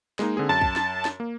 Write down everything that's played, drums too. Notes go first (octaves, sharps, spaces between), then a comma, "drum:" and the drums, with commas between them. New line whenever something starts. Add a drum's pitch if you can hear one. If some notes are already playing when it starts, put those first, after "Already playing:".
G#3 A#3 D#4, drum: snare
D3 C4 G#4
F#2 A5
drum: kick
drum: snare
drum: snare
A#3